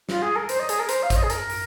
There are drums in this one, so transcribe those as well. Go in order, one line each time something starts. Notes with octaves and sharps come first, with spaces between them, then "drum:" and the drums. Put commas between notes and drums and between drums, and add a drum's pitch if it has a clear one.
F4, drum: snare
G#4
A#4
C5, drum: hi-hat
D#5
G#4, drum: hi-hat
A#4
C5, drum: hi-hat
F5
C5, drum: kick A1, hi-hat
D#5
G#4
A#4, drum: hi-hat
drum: open hi-hat